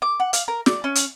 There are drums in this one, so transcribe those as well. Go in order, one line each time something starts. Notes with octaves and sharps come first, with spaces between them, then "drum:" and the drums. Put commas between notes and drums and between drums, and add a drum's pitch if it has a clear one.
D6
F#5
F5, drum: hi-hat
A#4
D5, drum: snare
C#4
drum: hi-hat